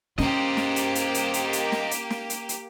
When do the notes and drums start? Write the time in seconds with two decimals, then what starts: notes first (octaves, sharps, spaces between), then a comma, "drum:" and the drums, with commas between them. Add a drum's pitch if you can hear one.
0.18 A#3 C#4 G4 C5 D#5, drum: snare
0.57 drum: snare
0.76 drum: hi-hat
0.95 drum: hi-hat
1.14 drum: hi-hat
1.34 drum: hi-hat
1.53 drum: hi-hat
1.72 drum: snare
1.91 drum: hi-hat
2.10 drum: snare
2.30 drum: hi-hat
2.49 drum: hi-hat